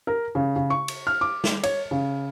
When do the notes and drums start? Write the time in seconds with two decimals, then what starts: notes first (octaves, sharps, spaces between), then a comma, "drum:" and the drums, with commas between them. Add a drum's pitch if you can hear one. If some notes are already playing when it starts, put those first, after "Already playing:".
0.07 A#4
0.35 C#3
0.56 C#3
0.70 C#6
0.88 drum: cymbal
1.07 F6
1.21 D6
1.44 drum: snare
1.63 C#5, drum: cymbal
1.91 C#3